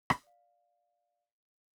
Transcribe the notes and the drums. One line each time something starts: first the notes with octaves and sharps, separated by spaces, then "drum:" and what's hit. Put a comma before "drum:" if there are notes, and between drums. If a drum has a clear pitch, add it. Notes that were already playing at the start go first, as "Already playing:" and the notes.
drum: rim click
D5 F5